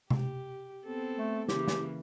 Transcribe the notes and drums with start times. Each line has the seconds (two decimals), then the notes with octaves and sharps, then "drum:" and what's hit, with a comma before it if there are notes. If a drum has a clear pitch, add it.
0.10 G4, drum: tom C3
0.85 B3 C4 A4
1.17 A3
1.49 C#3 E3 A#3 G4, drum: snare
1.68 drum: snare